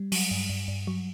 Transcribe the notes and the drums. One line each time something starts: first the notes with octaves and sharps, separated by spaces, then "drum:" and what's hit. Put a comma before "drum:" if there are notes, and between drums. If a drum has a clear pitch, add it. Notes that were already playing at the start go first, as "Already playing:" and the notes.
Already playing: G3
F#3, drum: open hi-hat
G2
G2
G2
F#3